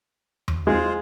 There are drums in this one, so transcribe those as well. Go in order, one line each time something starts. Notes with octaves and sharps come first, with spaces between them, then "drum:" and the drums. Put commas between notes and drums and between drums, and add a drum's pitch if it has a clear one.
drum: tom E2
G#3 F4 G#4 C5